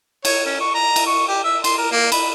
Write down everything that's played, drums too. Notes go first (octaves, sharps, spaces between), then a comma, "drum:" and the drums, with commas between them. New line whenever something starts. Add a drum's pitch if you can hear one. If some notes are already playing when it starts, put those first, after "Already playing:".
C#5, drum: cymbal
C#4
C#6
A#5
drum: cymbal
C#6
G4
E5
C6, drum: cymbal
A#4
A#3
B5, drum: cymbal